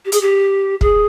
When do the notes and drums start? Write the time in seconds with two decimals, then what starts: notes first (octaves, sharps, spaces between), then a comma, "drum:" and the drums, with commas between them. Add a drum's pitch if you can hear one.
0.05 G4
0.12 G#4, drum: hi-hat
0.21 G4
0.81 G#4, drum: kick